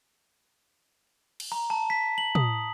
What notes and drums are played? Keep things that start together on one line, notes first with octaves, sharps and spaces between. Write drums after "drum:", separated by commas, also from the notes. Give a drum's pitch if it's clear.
drum: cymbal
A#5
A5
B6
F#7
D#6, drum: tom